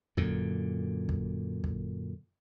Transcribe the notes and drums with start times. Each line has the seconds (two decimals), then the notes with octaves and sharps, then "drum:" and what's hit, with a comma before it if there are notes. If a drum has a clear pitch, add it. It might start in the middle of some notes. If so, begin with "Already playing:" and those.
0.17 F#2 A#2 D3, drum: kick
1.09 drum: kick
1.64 drum: kick